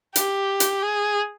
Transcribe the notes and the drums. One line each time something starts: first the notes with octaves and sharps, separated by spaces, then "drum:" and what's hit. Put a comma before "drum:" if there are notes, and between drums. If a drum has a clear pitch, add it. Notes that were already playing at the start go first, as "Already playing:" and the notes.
G4, drum: hi-hat
drum: hi-hat
G#4